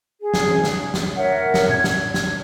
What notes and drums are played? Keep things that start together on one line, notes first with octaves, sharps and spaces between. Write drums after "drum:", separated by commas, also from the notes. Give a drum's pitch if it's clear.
G#4
drum: snare
drum: tom E3
drum: snare
drum: snare
A#4 C#5 E5 F#5
drum: snare
G#6, drum: tom A2
drum: snare
drum: snare